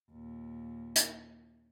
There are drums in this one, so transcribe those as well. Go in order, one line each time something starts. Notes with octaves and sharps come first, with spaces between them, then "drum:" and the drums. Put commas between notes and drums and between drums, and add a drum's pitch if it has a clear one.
D#2 A#2
drum: hi-hat